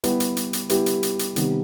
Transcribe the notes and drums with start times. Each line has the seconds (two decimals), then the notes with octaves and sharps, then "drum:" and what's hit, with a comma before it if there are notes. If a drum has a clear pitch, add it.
0.04 G3 B3 E4 G4 B4, drum: hi-hat
0.20 drum: hi-hat
0.37 drum: hi-hat
0.53 drum: hi-hat
0.69 G3 B3 E4 G4 B4, drum: hi-hat
0.86 drum: hi-hat
1.03 drum: hi-hat
1.19 drum: hi-hat
1.36 C3 D#3 G3 B3, drum: hi-hat